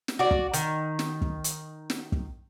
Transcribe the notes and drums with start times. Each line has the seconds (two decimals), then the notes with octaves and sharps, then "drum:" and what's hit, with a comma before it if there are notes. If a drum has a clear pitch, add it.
0.08 drum: snare
0.19 F#4 D5
0.31 drum: kick
0.54 D#3, drum: hi-hat
0.99 drum: snare
1.22 drum: kick
1.44 drum: hi-hat
1.90 drum: snare
2.12 drum: kick